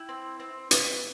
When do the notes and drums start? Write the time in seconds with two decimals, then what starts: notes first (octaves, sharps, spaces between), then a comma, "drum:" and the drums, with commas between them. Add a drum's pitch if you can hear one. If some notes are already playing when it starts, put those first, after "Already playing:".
Already playing: E4 G5
0.09 C4
0.40 C4
0.71 B3, drum: hi-hat